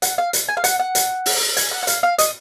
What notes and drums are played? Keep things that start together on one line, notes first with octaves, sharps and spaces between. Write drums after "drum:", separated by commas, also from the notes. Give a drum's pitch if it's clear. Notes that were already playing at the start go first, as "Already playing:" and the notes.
F#5, drum: hi-hat
F5
drum: hi-hat
G#5
F5
F#5, drum: hi-hat
F#5
drum: hi-hat
drum: open hi-hat
G#5, drum: hi-hat
F#5
F#5
F5, drum: hi-hat
F5
D#5, drum: hi-hat